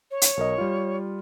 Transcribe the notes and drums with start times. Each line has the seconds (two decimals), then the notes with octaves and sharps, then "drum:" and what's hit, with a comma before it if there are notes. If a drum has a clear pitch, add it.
0.11 C#5
0.22 drum: hi-hat
0.37 B1 A#4 D#5
0.58 G3 F4